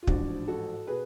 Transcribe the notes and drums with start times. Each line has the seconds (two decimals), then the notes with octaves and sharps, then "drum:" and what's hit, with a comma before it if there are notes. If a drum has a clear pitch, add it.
0.03 F4
0.07 A1 G#2 F3 D4 F#4, drum: kick
0.48 F#4 A4
0.87 B2 G#4 B4